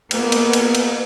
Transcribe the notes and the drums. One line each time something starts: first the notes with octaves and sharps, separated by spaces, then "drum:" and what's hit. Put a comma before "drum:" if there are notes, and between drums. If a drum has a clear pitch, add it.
A#3 B3, drum: cymbal
drum: cymbal
drum: cymbal
drum: cymbal